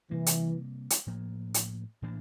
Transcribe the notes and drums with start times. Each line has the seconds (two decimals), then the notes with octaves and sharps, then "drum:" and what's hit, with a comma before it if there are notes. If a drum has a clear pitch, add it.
0.11 C3 E3 G3 A#3
0.26 drum: hi-hat
0.90 drum: hi-hat
1.07 A2 F3 A#3
1.54 drum: hi-hat
2.02 A2 E3 A#3 D4